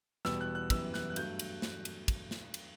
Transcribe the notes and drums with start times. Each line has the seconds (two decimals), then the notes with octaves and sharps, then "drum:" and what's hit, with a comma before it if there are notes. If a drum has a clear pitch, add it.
0.25 E2 B2 G3 B3 E6, drum: snare
0.41 F#6
0.55 F#6
0.70 F#2 E3 G3 B3 E6, drum: kick, cymbal
0.94 F#6, drum: snare
1.10 F#6
1.16 G2 F#3 A3 G6, drum: cymbal
1.39 drum: cymbal
1.62 drum: snare
1.85 drum: cymbal
2.08 drum: kick, cymbal
2.31 drum: snare
2.54 drum: cymbal